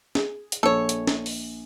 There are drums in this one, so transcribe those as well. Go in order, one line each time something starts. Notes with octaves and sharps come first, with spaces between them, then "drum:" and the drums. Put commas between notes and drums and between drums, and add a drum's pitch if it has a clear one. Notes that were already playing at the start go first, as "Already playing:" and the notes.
G#4, drum: snare
drum: hi-hat
A#1 A4 C#5
drum: hi-hat
drum: snare
drum: open hi-hat